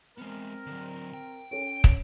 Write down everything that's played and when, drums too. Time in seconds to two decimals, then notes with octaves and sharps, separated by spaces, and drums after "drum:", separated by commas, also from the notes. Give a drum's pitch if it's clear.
0.18 G#3 B3 C4 A#4
0.66 D3 F#3
1.14 G5
1.51 C#4 A4 C#5 D7
1.84 drum: kick